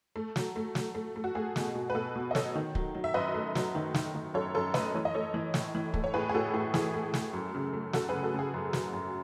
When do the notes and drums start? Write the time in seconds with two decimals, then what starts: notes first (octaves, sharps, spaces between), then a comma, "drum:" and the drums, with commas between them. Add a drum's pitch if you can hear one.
0.16 A3
0.36 F#3, drum: snare
0.56 A3
0.75 F#3, drum: snare
0.95 A3
1.16 A3
1.24 F#4
1.35 A3 G#4
1.56 B2, drum: snare
1.75 B2
1.90 B4
1.95 B2 F#4 A4
2.16 B2
2.31 D#5
2.35 F#3 A4 C#5, drum: snare
2.55 D#3
2.75 F#3, drum: kick
2.95 F#3
3.04 E5
3.14 F#2 B4 D#5
3.34 A3
3.55 F#3, drum: snare
3.75 D#3
3.94 D#3, drum: snare
4.15 D#3
4.34 F#2 A4 C#5
4.55 F#2 A4 C#5
4.74 A3 B4 D#5, drum: snare
4.94 E3 C#5
5.05 D#5
5.15 A3 A4 C#5
5.34 E3
5.54 A2, drum: snare
5.75 E3
5.94 A3, drum: kick
6.04 C#5
6.14 A2 G#4 B4
6.29 G#4
6.34 A2 F#4 A4
6.54 A2 G#4
6.74 E3 G#4, drum: snare
6.94 A3
7.14 A3, drum: snare
7.33 F#2
7.55 C#3
7.73 A3
7.93 F#3 F#4 A4, drum: snare
8.09 C#3 G#4 B4
8.23 F#4 A4
8.34 C#3 G#4
8.54 F#2
8.73 F#3, drum: snare
8.93 F#2